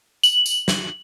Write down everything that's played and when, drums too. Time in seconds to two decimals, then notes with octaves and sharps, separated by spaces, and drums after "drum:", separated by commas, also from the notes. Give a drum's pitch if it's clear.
0.23 F#7, drum: tambourine
0.46 drum: tambourine
0.68 drum: snare